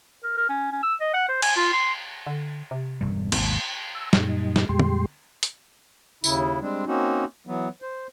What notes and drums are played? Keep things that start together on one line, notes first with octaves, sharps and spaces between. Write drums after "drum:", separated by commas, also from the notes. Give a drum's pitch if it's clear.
A#4
A#4
C#4
C#4
E6
D#5
F#5
C5
G#5, drum: cymbal
F4
C6
D3
C3
E1 G2 G3
G#1 D#2 G#2 B2, drum: cymbal
E6
F#2 A#2 G3 D#4, drum: snare
drum: snare
F2 A#2 G3 G#3 G4 C6
drum: tom
drum: hi-hat
D#2 C#3 E4, drum: tambourine
G3 G#3 C4 D4
A#3 C4 C#4 D#4 F#4
E3 F#3 B3
C5